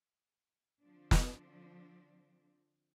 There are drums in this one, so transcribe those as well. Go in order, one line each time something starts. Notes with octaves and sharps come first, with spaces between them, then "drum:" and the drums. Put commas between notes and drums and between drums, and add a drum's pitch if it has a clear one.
D3 F3 C4 D4
drum: snare